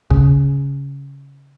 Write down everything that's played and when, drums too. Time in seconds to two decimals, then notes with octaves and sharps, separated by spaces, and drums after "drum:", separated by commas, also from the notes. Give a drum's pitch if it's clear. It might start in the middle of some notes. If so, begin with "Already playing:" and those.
0.10 C#3, drum: kick